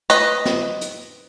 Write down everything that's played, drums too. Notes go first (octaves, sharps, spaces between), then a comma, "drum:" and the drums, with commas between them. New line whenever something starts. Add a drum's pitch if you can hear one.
B4 D#5, drum: hi-hat
drum: snare
drum: hi-hat